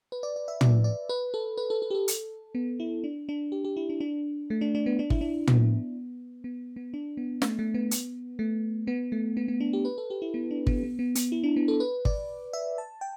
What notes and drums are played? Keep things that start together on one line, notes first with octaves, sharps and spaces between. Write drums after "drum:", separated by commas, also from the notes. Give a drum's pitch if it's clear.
B4
D5
D5
E5
D5, drum: tom
D5
B4
A4
B4
A4
A4
G4
A4
drum: hi-hat
B3
E4
D4
D4
G4
G4
E4
D4
D4
A3
D4
D4
B3
D4
E4, drum: kick
D4
B3, drum: tom
B3
B3
D4
B3
A3, drum: snare
A3
B3
drum: hi-hat
A3
B3
A3
B3
B3
D4
G4
B4
A4
G4
E4
B3
D4
B3, drum: kick
B3
B3
B3, drum: hi-hat
E4
D4
B3
A4
B4
D5, drum: kick
E5
A5
G5